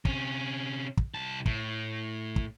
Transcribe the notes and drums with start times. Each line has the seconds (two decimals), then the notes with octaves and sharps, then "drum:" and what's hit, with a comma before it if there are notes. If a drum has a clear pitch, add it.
0.05 C3 C#4, drum: kick
0.97 drum: kick
1.14 C2 A5
1.46 A2, drum: kick
2.36 drum: kick